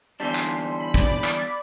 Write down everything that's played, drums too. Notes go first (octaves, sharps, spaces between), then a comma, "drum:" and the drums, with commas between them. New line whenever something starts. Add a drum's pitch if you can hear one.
E2 D3 G3 D4 C6
drum: clap
B5
D5, drum: kick
drum: clap